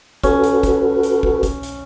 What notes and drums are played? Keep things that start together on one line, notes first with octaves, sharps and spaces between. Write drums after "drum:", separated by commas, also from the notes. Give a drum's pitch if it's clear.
C#4 F#4 A4 B4, drum: kick, hi-hat
drum: hi-hat
drum: kick, hi-hat
drum: hi-hat
drum: kick
drum: kick, hi-hat
drum: hi-hat